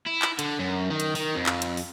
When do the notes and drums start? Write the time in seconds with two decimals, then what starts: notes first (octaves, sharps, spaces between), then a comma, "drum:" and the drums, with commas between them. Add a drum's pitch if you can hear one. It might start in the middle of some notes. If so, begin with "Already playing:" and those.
0.06 E4
0.22 drum: clap
0.39 D3, drum: hi-hat
0.60 F#2
0.90 D#3
1.00 drum: hi-hat
1.15 D#3, drum: open hi-hat
1.35 F2
1.46 drum: clap
1.62 drum: hi-hat
1.77 drum: open hi-hat